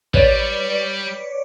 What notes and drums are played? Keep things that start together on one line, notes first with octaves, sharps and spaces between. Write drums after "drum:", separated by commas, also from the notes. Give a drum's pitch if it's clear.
G3 B4 C#5 D5, drum: kick